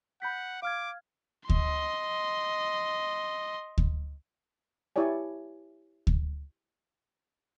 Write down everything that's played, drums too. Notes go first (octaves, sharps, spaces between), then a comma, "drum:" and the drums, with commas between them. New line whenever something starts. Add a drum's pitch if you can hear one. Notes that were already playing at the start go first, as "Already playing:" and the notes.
F#5 B5 G6 B6
F5 D6 F6 G#6
D#5 C6, drum: kick D2
drum: kick D2
E4 G4 C#5 D5 G#5
drum: kick D2